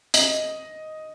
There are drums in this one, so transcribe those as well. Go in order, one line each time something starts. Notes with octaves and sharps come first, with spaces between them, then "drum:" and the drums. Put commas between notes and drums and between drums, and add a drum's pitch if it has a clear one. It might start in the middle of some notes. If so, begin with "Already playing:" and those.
D#5, drum: hi-hat